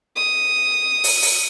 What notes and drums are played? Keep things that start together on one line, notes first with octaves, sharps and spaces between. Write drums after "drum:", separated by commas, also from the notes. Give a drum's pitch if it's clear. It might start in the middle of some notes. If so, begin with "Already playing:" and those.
D#6
drum: open hi-hat
drum: open hi-hat